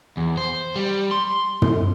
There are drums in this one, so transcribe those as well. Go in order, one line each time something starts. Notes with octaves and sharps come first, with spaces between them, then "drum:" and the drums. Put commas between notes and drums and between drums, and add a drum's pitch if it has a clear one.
E2
C5
G3
C6
drum: tom